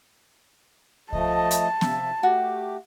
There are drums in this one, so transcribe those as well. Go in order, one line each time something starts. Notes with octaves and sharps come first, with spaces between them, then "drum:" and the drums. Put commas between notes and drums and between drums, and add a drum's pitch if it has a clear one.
F3 A3 D#5 A5, drum: kick C2
drum: hi-hat
C3 F3 E5, drum: snare B3
A3 F#4 G4